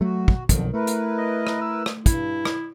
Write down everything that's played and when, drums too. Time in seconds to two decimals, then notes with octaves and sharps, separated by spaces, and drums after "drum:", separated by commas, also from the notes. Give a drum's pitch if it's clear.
0.01 F#3 A3 F#4
0.28 drum: kick
0.49 B1 F2 D3 D#3 F3, drum: kick, hi-hat
0.74 A3 E4 A#4 B4
0.87 drum: hi-hat
1.18 D#5
1.47 drum: rim click
1.61 E6
1.86 drum: rim click
2.06 G2 E4, drum: kick, hi-hat
2.45 drum: rim click